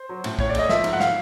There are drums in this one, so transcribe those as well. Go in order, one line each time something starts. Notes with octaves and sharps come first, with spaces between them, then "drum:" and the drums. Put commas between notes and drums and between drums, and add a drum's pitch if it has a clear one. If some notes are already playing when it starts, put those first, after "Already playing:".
Already playing: C5
F#3
A2, drum: cymbal
A2 C#5, drum: kick
D5
A3 D#5, drum: cymbal
F3 E5, drum: snare
G#2, drum: cymbal
F#5
F5, drum: snare